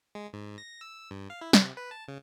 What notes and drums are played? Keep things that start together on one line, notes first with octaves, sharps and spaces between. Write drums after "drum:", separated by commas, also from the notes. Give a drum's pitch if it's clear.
G#3
G#2
A#6
E6
G2
F5
E4
C3, drum: snare
B4
A5
C#3